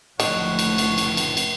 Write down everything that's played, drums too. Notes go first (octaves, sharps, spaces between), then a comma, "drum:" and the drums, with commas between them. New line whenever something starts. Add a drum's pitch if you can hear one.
F#1 D2 A2 D#3 F3 A3 C#5 F#5, drum: cymbal
drum: cymbal
drum: cymbal
drum: cymbal
drum: cymbal
drum: cymbal